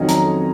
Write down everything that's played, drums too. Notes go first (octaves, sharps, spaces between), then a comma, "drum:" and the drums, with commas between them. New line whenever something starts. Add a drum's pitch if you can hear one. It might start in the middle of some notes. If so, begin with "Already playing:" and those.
Already playing: F2 D#3 F#3 C#4 D#5
A#5, drum: hi-hat